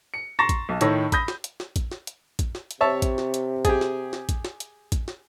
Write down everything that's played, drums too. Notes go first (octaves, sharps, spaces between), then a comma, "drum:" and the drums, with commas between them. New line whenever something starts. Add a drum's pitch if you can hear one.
C#7
A#5 C6 C#6 A6 A#6 E7
drum: kick, hi-hat
B1
A2 D#3 C#5 E6 A#6, drum: hi-hat
B5 D#6 G6 A#6, drum: kick, hi-hat
drum: snare
drum: hi-hat
drum: snare
drum: kick, hi-hat
drum: snare
drum: hi-hat
drum: kick, hi-hat
drum: snare
drum: hi-hat
C3 C#5 E5 A5
drum: kick, hi-hat
drum: snare
drum: hi-hat
G4 G#4, drum: kick, hi-hat
drum: snare
drum: snare
drum: kick, hi-hat
drum: snare
drum: hi-hat
drum: kick, hi-hat
drum: snare